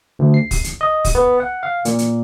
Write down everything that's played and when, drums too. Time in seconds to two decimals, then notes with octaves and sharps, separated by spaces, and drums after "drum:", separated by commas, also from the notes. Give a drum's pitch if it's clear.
0.19 D2
0.34 C7
0.51 drum: kick, open hi-hat
0.64 drum: hi-hat
0.81 D#5
1.05 drum: kick, open hi-hat
1.15 B3
1.40 F#5
1.63 F5
1.85 A#2, drum: hi-hat
1.99 drum: hi-hat